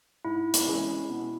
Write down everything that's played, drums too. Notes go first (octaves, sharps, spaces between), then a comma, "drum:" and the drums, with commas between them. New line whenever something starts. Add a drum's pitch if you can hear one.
G#2 E4
drum: hi-hat
E3 G#3 C#4 G#4
B2